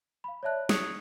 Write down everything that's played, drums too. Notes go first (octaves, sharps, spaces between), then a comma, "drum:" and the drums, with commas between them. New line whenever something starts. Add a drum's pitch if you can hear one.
F5 B5
C#5 D5 E5 A5 F#6
C#6 D#6 E6 F#6 G#6 C#7, drum: snare